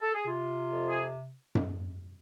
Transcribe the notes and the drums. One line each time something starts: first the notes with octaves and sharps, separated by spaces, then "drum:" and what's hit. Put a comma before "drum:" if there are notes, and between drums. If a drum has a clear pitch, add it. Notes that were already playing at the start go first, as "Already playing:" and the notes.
A4
G#4
C3 F4
F2
G#4
drum: tom F#2